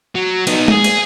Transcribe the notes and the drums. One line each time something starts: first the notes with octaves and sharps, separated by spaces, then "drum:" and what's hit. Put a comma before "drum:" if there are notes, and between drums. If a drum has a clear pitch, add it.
F#3
B3 D#4, drum: cymbal
G#4, drum: tom G#3
drum: cymbal